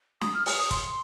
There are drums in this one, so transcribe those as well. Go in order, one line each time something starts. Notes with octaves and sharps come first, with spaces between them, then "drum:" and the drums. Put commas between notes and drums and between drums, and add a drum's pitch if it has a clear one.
D#6, drum: snare
F6
D#6, drum: open hi-hat
D#6
C6, drum: kick, hi-hat